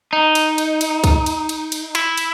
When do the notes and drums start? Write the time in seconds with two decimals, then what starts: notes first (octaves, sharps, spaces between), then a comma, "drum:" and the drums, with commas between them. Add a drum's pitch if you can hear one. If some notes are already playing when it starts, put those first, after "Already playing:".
0.13 D#4
0.35 drum: cymbal
0.58 drum: cymbal
0.81 drum: cymbal
1.04 drum: kick C2, cymbal
1.26 drum: cymbal
1.49 drum: cymbal
1.72 drum: cymbal
1.95 E4, drum: cymbal
2.17 drum: cymbal